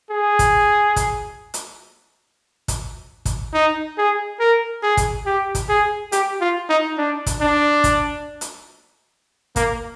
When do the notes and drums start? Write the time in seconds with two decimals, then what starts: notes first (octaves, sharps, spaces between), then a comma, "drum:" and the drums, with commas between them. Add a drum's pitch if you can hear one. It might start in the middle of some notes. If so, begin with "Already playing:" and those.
0.11 G#4
0.39 drum: kick, hi-hat
0.96 drum: kick, hi-hat
1.54 drum: hi-hat
2.68 drum: kick, hi-hat
3.26 drum: kick, hi-hat
3.54 D#4
3.98 G#4
4.40 A#4
4.83 G#4
4.97 drum: kick, hi-hat
5.26 G4
5.55 drum: kick, hi-hat
5.69 G#4
6.12 G4, drum: hi-hat
6.41 F4
6.69 D#4
6.98 D4
7.26 drum: kick, hi-hat
7.41 D4
7.84 drum: kick, hi-hat
8.41 drum: hi-hat
9.56 A#3, drum: kick, hi-hat